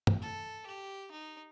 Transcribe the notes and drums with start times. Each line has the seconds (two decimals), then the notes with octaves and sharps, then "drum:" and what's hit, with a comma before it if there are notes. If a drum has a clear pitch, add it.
0.07 drum: tom
0.22 A4
0.67 G4
1.12 D#4